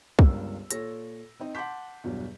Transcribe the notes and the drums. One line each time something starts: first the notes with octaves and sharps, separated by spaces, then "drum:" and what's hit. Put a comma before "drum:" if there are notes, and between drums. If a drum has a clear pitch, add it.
G1 C#2 G2 A#4 E6, drum: kick
A#2 A4 C#5 A#6, drum: hi-hat
C4 D#4 D#5
F#5 A5 C6 D6 G6 B6
E2 G2 B2 F#3